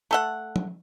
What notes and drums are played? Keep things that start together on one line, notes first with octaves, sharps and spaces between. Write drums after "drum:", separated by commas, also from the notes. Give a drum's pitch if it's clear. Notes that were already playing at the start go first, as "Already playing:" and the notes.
A3 A4 F#5
drum: tom